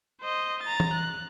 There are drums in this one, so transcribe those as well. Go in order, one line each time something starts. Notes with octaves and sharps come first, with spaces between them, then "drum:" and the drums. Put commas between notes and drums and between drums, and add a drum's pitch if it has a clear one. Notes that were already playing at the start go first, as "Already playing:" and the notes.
C5 D#5
A#5 A6
drum: tom E3
F#6